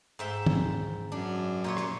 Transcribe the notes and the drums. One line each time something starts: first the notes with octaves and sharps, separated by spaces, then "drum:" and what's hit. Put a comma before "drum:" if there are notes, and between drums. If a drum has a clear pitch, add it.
G#2 E5 G5
drum: tom
F#2 D4
A#2 F4 C#5
drum: rim click